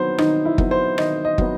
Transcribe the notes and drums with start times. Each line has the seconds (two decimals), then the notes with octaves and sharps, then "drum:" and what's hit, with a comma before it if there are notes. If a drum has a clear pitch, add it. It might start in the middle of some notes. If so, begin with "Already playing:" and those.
Already playing: D#3 F#3 B3 C5
0.18 D#3 D#4, drum: rim click
0.45 E4
0.58 F#3 B3, drum: kick
0.71 C5
0.98 D#3 D#5, drum: rim click
1.25 D#5
1.38 F#3 B3, drum: kick